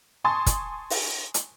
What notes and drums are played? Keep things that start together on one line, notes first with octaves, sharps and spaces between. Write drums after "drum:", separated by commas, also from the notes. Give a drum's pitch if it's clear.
G#5 A5 C6 C#6 D#6 A6
drum: kick, hi-hat
drum: open hi-hat
drum: hi-hat